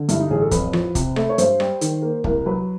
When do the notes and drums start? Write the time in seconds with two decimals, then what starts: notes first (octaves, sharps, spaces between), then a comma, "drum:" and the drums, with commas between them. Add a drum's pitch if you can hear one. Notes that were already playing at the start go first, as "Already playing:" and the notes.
Already playing: D3
0.09 G2 E4, drum: hi-hat
0.20 D#4
0.30 A1 G#4
0.42 A4
0.51 F2 B4, drum: kick, hi-hat
0.73 F3, drum: rim click
0.95 C3, drum: kick, hi-hat
1.16 A3, drum: rim click
1.29 C#5
1.38 G2 C5, drum: hi-hat
1.60 G3, drum: rim click
1.81 D#3, drum: hi-hat
2.02 A#3
2.24 C2 A#4, drum: kick
2.46 F#3 B4